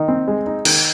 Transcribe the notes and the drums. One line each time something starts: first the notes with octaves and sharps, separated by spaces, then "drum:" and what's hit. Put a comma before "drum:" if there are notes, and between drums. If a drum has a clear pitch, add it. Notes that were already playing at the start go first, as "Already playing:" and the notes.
Already playing: D#3 D#4
C4
G#3
D#4
D#3, drum: cymbal